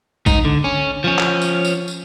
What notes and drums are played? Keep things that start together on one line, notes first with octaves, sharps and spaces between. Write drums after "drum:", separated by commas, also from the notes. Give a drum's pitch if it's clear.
G#2 D#4, drum: kick A#1, tambourine
D3
C#4
F3 C#4
drum: clap
drum: tambourine
drum: tambourine
drum: tambourine